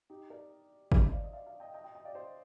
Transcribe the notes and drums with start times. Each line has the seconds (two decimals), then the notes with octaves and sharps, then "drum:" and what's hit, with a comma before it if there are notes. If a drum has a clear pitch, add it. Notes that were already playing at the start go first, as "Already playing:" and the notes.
0.10 D#4 G4
0.30 A#4 D5
0.92 C5 D#5, drum: kick G#1
1.12 D5 F5
1.24 D#5
1.33 D5 F5
1.46 D5 F5
1.60 D#5 G5
1.74 D#5 G5
1.84 D#5 G5
1.95 D#5 G5
2.05 D5 F5
2.15 C5 D#5